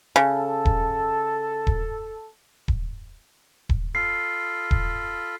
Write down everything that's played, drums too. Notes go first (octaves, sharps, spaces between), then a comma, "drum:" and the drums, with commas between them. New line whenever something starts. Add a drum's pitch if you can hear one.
C#3 A4
drum: kick D#1
drum: kick D#1
drum: kick D#1
drum: kick D#1
F4 A4 B5 C7
drum: kick D#1